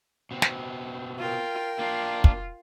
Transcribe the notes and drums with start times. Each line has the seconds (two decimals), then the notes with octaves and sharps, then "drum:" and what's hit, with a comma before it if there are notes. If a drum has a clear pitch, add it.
0.31 B2 C4
0.42 drum: snare
1.19 F4 A#4 G5
1.79 A#3 D4 F4
2.24 drum: kick